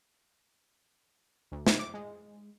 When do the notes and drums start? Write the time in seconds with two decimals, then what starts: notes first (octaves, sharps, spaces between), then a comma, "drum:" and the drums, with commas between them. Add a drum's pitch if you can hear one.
1.52 D2
1.67 drum: snare
1.79 D6
1.94 G#3